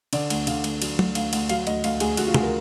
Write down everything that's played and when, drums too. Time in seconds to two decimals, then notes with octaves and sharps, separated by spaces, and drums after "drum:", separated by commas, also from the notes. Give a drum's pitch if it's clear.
0.13 D3 D5, drum: cymbal
0.30 D2, drum: cymbal
0.47 D3 F5, drum: cymbal
0.64 D2, drum: cymbal
0.82 F#3, drum: cymbal
0.99 D2, drum: tom
1.15 D2 F5, drum: cymbal
1.33 D2, drum: cymbal
1.49 F#3 F5, drum: cymbal
1.67 D2 D#5, drum: cymbal
1.84 D2 F5, drum: cymbal
2.00 D2 G#4, drum: cymbal
2.17 D2 F#4, drum: cymbal
2.27 F4
2.34 D2 G#4, drum: tom
2.43 A#4